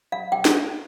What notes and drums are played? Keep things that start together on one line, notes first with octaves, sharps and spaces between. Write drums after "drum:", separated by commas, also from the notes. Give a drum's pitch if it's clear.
F5
G5
drum: snare